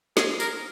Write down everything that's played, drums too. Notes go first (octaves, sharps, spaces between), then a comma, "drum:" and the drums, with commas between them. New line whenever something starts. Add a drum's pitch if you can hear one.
G#4, drum: snare
A#4, drum: tambourine